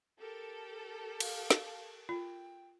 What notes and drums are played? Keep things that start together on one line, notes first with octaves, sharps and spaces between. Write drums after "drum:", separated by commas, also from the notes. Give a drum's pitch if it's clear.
G4 A4 A#4
F5, drum: cymbal
drum: snare
F4 G5